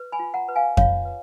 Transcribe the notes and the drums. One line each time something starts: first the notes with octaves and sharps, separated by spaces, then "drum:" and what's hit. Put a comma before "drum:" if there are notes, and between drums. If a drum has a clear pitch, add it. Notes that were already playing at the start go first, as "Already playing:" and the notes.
Already playing: B4
G#5 B5
F4
F#5 A#5
B4
F5 G#5
F4 C#5 F5, drum: kick F2
B4